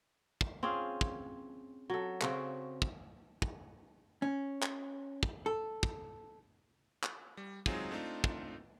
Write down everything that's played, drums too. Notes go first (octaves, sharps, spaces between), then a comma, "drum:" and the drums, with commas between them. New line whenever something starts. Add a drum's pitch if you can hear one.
drum: kick
C4 C#4 F4 G#4
drum: kick
F#3 A4
C#3 C4 F#4, drum: clap
drum: kick
drum: kick
C#4
drum: clap
drum: kick
A4
drum: kick
drum: clap
G3
F#3 G#3 C4 D#4 F4 G#4, drum: kick
A3 C4 D4 D#4 F4
drum: kick